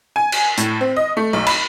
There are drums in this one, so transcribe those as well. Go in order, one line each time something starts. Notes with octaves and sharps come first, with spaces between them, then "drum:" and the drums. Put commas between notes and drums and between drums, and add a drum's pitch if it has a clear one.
G#5
drum: cymbal
A2, drum: hi-hat
C4
D#5
A3
B1
B5, drum: cymbal